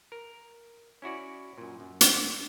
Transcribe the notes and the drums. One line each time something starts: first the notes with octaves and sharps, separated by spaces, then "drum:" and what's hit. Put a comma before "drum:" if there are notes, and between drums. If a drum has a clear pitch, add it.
A#4
C#4 E4 F#4 D5
F#2 A#2
F#2
drum: hi-hat